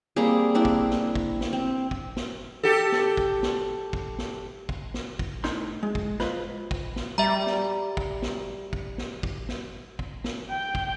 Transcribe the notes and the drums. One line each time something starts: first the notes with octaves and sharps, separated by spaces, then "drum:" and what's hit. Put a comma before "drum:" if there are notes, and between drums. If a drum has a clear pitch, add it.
G3 A#3 C4 G#4
A#3 C4 D4 E4
drum: kick
drum: snare
drum: kick
drum: snare
C4
drum: kick
drum: snare
G4 A4
drum: snare
drum: kick
drum: snare
drum: kick
drum: snare
drum: kick
drum: snare
drum: kick
A2 D#4 C6, drum: snare
G#3
drum: kick
F4 B4 C5 D#5 B5, drum: snare
drum: kick
drum: snare
G3 E5 A#5
drum: snare
drum: kick
drum: snare
drum: kick
drum: snare
drum: kick
drum: snare
drum: kick
drum: snare
G5
drum: kick